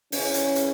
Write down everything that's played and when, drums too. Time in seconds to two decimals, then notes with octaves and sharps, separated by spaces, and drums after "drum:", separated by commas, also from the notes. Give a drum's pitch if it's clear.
0.12 E2 C#3 E3 C#4, drum: open hi-hat
0.34 drum: hi-hat
0.55 drum: hi-hat